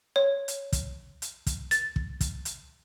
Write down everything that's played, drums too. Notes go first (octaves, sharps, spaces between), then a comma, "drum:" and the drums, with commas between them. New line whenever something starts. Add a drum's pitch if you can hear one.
C#5
drum: hi-hat
drum: kick, hi-hat
drum: hi-hat
drum: kick, hi-hat
A6, drum: hi-hat
drum: kick
drum: kick, hi-hat
drum: hi-hat